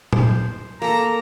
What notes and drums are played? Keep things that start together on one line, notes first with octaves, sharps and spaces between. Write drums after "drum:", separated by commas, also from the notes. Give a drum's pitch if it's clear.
C5, drum: tom A#2
A#3 A4 A#5